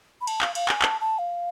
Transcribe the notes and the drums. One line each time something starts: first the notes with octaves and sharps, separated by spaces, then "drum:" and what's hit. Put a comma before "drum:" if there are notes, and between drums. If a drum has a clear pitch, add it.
B5
A5, drum: cymbal
F5, drum: clap
F5, drum: cymbal
G#5, drum: clap
A5, drum: clap
A5
F5